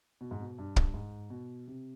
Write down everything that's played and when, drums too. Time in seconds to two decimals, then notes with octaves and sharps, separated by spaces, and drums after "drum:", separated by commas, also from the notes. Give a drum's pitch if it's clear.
0.21 B2
0.31 G#2
0.40 B2
0.58 G2
0.76 drum: kick
0.94 G#2
1.30 B2
1.67 C3